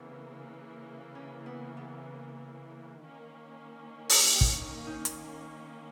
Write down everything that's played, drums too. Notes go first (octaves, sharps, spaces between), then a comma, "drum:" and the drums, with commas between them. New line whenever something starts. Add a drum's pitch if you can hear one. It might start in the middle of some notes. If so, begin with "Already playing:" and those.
Already playing: C#3 E3 A#3 B3
C#4
B3
B3
D#3 A#3 C#4
drum: open hi-hat
E4
G4
E4, drum: kick
D#4
D#4
drum: hi-hat